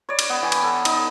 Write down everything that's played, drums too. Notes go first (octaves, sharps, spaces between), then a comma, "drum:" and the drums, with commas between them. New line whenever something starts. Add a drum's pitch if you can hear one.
C#5 D5
drum: cymbal
B3
E3 G5 G#5
drum: cymbal
A4
D#4, drum: cymbal